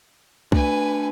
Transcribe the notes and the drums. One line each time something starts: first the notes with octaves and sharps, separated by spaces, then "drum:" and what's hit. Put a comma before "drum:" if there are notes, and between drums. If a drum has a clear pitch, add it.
A3 D4 B4 G#5, drum: kick C2